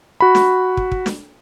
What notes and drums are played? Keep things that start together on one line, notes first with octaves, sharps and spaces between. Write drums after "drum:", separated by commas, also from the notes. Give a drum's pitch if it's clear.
F#4 B5
drum: snare
drum: kick
drum: kick
drum: snare